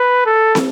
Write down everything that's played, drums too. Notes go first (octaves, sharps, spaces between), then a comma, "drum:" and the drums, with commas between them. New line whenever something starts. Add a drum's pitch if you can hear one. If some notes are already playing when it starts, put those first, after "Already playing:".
Already playing: B4
A4
drum: snare